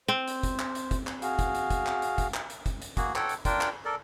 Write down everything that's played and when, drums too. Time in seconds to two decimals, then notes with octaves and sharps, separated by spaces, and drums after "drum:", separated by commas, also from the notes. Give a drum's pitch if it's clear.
0.08 C4 C5
0.28 drum: hi-hat
0.43 drum: kick, hi-hat
0.59 drum: clap
0.75 drum: hi-hat
0.91 drum: kick, hi-hat
1.07 drum: clap
1.22 F#4 G#4 F5, drum: hi-hat
1.39 drum: kick, hi-hat
1.55 drum: hi-hat
1.70 drum: kick, hi-hat
1.86 drum: clap
2.02 drum: hi-hat
2.18 drum: kick, hi-hat
2.34 drum: clap
2.50 drum: hi-hat
2.66 drum: kick, hi-hat
2.82 drum: hi-hat
2.97 A#3 F#4 G#4, drum: kick, hi-hat
3.15 A4 C#5 F#5 G5, drum: clap
3.29 drum: hi-hat
3.45 D4 F4 A#4 G5, drum: kick, hi-hat
3.61 drum: clap
3.85 A4 A#4 D5